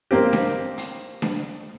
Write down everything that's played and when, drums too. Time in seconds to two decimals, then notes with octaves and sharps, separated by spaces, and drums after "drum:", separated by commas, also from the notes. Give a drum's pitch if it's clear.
0.11 A#3 C4 G4
0.33 drum: snare D4
0.78 drum: hi-hat
1.22 drum: snare D4